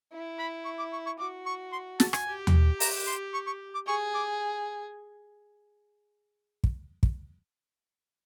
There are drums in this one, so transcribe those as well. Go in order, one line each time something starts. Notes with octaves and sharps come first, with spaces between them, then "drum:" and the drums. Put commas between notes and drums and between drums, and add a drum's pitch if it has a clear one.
E4
B5
C#6
D6
C#6
C#6
F#4 D6
C#6
C6
A5, drum: snare
G#5, drum: rim click
G4
drum: tom D#2
A#5, drum: open hi-hat
C6
C#6
C#6
D6
G#4 C#6
D6
drum: kick
drum: kick